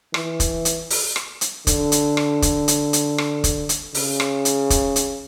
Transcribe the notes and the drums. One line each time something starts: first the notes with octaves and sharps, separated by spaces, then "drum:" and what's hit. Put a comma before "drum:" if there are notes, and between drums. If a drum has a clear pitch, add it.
E3, drum: rim click
drum: kick, hi-hat
drum: hi-hat
drum: open hi-hat
drum: rim click
drum: hi-hat
D3, drum: kick, hi-hat
drum: hi-hat
drum: rim click
drum: kick, hi-hat
drum: hi-hat
drum: hi-hat
drum: rim click
drum: kick, hi-hat
drum: hi-hat
C#3, drum: open hi-hat
drum: rim click
drum: hi-hat
drum: kick, hi-hat
drum: hi-hat